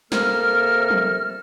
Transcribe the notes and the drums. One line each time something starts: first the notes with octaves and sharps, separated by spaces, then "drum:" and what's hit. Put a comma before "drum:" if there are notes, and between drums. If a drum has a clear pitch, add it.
C3 A#3 A4 A#4 F6, drum: snare
drum: tom